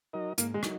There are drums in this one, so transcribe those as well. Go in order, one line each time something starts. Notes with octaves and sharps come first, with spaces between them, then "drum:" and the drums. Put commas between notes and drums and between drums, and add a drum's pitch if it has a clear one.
F#3 D#4 A#4 D#5
G#2 A#3, drum: hi-hat
G#3
F#3 D#4, drum: rim click